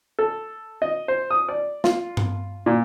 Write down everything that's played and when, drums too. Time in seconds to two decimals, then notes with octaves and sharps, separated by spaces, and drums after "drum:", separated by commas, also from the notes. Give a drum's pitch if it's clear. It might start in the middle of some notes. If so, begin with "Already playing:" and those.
0.19 A4
0.82 D#5
1.08 C5
1.31 D#6
1.49 D5
1.84 F4, drum: snare
2.17 drum: tom G2
2.66 A#2